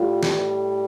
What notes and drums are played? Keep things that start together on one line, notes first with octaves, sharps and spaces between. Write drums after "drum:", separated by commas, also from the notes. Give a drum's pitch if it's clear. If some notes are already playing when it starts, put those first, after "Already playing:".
Already playing: A2 G3 F4
drum: snare